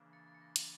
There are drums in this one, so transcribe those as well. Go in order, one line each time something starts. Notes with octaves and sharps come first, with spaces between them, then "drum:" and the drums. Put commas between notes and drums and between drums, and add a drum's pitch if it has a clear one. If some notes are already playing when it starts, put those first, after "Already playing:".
Already playing: C#3 E3 A#3 D4
A6 C#7
A6
C#7
A#6
A#6, drum: hi-hat